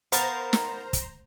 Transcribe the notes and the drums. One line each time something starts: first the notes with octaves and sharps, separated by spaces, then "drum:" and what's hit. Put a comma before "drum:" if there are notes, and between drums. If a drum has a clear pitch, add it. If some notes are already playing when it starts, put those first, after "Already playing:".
B3 A#4 C5 F5 A5 A#5, drum: hi-hat
drum: snare
drum: kick, hi-hat